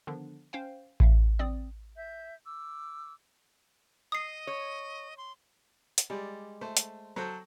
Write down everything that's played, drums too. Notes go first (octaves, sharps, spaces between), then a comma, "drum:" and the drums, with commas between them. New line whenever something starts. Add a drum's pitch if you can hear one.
D3 D#3 F3 B3 D4
C#4 C5 F5 G5
E4 E5 F5, drum: kick A1
A#1 C4 D5 D#6
E5 G6
D6 E6
D#5 D#6 C7
C#5
C6
drum: hi-hat
G3 G#3 D5
A3 C5
drum: hi-hat
F#3 A4 C5 G5